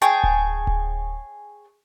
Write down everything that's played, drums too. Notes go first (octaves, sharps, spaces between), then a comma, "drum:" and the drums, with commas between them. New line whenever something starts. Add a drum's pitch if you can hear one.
G#4 C#5 G5 A5, drum: hi-hat
drum: kick D1
drum: kick D1